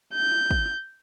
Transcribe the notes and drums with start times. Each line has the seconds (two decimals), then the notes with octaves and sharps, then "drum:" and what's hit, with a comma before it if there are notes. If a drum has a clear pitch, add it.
0.14 G6
0.51 drum: kick